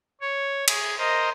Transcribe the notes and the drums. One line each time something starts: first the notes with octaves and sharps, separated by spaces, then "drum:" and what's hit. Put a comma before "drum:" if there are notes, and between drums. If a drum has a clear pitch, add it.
C#5
G#4, drum: cymbal
A#4 C5 D#5